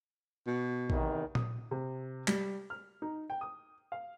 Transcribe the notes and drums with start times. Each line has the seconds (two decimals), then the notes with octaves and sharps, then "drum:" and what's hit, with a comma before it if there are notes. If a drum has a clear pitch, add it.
0.47 B2
0.90 E2 C3 D#3, drum: kick
1.35 D#6, drum: tom A#2
1.71 C3
2.28 G3, drum: clap
2.70 F6
3.02 D#4
3.30 G5
3.41 D#6
3.92 F5